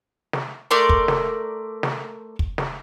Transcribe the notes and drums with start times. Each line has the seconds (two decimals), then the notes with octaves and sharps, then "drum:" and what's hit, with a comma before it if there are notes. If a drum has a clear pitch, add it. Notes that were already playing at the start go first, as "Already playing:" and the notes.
0.33 drum: snare
0.71 A3 A#4 D5 C6
0.89 drum: kick
1.08 drum: snare
1.83 drum: snare
2.39 drum: kick
2.58 drum: snare